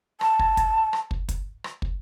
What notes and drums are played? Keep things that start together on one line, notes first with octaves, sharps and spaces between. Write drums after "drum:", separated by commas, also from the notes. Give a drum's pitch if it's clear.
A5, drum: rim click
drum: kick
drum: kick, hi-hat
drum: rim click
drum: kick
drum: kick, hi-hat
drum: rim click
drum: kick